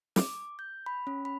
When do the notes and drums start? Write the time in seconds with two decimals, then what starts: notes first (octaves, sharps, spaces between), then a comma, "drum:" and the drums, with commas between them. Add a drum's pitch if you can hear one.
0.16 D6, drum: snare
0.59 G6
0.86 B5
1.07 C#4
1.25 B5